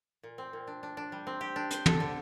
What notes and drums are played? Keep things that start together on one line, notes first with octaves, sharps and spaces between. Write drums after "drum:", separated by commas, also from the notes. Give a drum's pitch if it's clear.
A#2
C4
A#2
D4
D4
D4
G3
C4
G4
D4
C5, drum: hi-hat
A4, drum: tom
D3